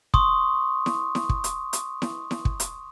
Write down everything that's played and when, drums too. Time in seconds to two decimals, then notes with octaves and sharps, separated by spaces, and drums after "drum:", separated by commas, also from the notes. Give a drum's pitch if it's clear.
0.14 C6 C#6 D#6, drum: kick
0.86 drum: snare E4
1.15 drum: snare E4
1.29 drum: kick
1.44 drum: hi-hat
1.73 drum: hi-hat
2.02 drum: snare E4
2.31 drum: snare E4
2.45 drum: kick
2.60 drum: hi-hat